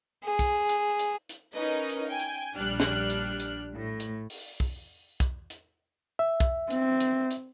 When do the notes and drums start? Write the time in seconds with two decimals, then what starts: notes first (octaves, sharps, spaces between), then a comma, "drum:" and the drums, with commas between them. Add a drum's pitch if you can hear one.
0.25 G#4
0.39 drum: kick, hi-hat
0.69 drum: hi-hat
0.99 drum: hi-hat
1.29 drum: hi-hat
1.54 C#4 D#4 A#4 B4 D#5
1.89 drum: hi-hat
2.09 G5 G#5
2.20 drum: hi-hat
2.57 A#1 G3 D4 F6 F#6
2.80 drum: snare
3.10 drum: hi-hat
3.40 drum: hi-hat
3.75 A2
4.00 drum: hi-hat
4.30 drum: open hi-hat
4.60 drum: kick
5.20 drum: kick, hi-hat
5.50 drum: hi-hat
6.19 E5
6.40 drum: kick, hi-hat
6.70 C4, drum: hi-hat
7.00 drum: hi-hat
7.31 drum: hi-hat